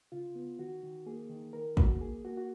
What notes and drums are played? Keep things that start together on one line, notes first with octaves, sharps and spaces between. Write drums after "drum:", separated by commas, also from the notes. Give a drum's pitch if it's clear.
C#3 F4
B3
D#3 F#4
D#3
A#3 G#4
D#3
D#3 A#4
A#3 F#4, drum: kick
A#3 G#4
A#3 F#4
F#4